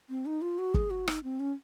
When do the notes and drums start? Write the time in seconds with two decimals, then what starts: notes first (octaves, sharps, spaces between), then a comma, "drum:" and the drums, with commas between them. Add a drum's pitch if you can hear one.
0.10 C4
0.26 D#4
0.42 F4
0.58 F#4
0.74 G#4, drum: kick
0.90 F#4
1.08 D#4, drum: rim click
1.23 C4
1.40 C#4